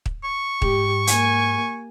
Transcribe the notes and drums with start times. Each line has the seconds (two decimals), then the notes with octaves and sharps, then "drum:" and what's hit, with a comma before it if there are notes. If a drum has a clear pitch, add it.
0.06 drum: kick
0.24 C#6
0.62 G#2 G4, drum: kick
1.07 A#3 G#5, drum: hi-hat